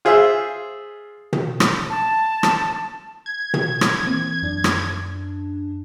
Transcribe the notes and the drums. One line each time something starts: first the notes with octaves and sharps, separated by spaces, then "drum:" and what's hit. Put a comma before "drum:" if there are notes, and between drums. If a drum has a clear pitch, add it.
F4 G#4 C5 E5
drum: tom
drum: rim click
A5
drum: rim click
G#6
drum: tom
drum: rim click
E3 A#3 C4
F#2 D4
drum: rim click